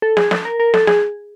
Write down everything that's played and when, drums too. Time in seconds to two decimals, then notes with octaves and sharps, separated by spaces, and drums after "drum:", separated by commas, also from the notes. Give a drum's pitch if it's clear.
0.02 A4
0.17 G#4, drum: snare
0.31 A4, drum: snare
0.45 A#4
0.60 A#4
0.74 A4, drum: snare
0.87 G#4, drum: snare